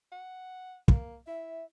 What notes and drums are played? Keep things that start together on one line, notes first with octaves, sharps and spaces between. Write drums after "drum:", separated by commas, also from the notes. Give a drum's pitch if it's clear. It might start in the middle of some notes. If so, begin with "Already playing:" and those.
F#5
A#3, drum: kick
E4 E5